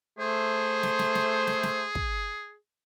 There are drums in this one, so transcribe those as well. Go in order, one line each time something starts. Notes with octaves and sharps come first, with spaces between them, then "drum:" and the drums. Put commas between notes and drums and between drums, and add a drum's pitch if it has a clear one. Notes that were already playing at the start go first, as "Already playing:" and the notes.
A3 G#4 C5
drum: snare
drum: snare
drum: snare
drum: snare
drum: snare
drum: kick